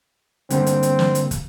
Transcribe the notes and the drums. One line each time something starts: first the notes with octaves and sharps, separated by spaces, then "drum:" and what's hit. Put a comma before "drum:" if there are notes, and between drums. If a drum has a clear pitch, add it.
D3 G3 A#3 C4, drum: hi-hat
drum: hi-hat
drum: hi-hat
drum: snare
drum: hi-hat
drum: kick, hi-hat